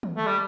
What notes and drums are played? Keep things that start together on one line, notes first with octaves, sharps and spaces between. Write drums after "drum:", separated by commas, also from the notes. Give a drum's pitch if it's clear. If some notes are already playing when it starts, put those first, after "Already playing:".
drum: tom
A3
G3